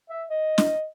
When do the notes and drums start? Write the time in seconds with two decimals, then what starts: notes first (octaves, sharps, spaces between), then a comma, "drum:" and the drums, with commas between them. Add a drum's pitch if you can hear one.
0.10 E5
0.30 D#5
0.58 drum: snare